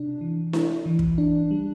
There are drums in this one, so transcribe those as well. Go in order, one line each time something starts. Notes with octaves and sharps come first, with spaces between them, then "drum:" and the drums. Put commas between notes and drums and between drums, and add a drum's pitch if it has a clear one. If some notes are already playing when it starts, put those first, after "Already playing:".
Already playing: C3 D4
E3
E4, drum: snare D4
E3
drum: kick
D4
G3